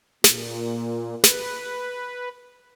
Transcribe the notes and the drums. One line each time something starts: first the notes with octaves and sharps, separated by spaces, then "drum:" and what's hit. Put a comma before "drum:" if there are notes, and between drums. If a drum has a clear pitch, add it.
A#2, drum: snare
B4, drum: snare